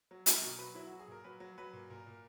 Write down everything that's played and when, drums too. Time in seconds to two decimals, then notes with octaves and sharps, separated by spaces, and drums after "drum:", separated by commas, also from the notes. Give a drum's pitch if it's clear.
0.11 F#3
0.26 F#3 A#4, drum: hi-hat
0.42 B2
0.59 F#3 B4
0.75 F#3 E4
0.87 F#4
0.92 F#3
0.99 G#4
1.08 A#2 A#4
1.24 F#3 B4
1.40 F#3
1.58 F#3 B4
1.73 A#2
1.90 A#2 A#4
2.07 A#2